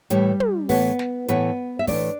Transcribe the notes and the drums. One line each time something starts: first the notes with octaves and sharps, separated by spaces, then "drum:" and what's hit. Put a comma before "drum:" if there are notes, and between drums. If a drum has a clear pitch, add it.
A2 E3 G3 A3 G4, drum: hi-hat
drum: tom
A2 E3 A3 B3 B4, drum: kick, open hi-hat
drum: snare
A2 E3 A3 B3 B4, drum: hi-hat
E5
A2 E3 A3 D4 D5, drum: kick, open hi-hat